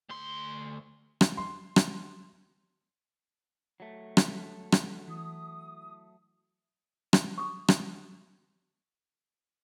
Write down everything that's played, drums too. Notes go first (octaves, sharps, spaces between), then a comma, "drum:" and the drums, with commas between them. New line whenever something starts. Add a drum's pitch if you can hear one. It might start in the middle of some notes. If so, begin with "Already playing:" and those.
D2 C6
drum: rim click
C6
drum: rim click
F#3 A3
drum: rim click
drum: rim click
E3 D#6
drum: rim click
C#6 D#6
drum: rim click